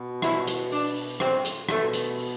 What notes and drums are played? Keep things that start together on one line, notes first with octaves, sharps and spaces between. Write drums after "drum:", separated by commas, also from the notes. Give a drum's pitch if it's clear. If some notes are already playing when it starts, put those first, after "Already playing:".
Already playing: B2
E4, drum: rim click
drum: hi-hat
D4, drum: open hi-hat
drum: open hi-hat
C4, drum: rim click
drum: hi-hat
B2 A3, drum: rim click
drum: hi-hat
drum: open hi-hat